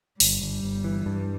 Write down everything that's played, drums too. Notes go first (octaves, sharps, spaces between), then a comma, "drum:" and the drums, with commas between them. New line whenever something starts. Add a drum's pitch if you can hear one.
G1 G3, drum: open hi-hat
G1
G1
E3
G2